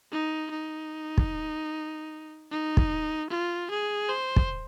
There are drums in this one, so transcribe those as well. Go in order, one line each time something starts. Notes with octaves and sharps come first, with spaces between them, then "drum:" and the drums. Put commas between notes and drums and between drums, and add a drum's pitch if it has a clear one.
D#4
D#4
drum: kick
D#4
drum: kick
F4
G#4
C5
drum: kick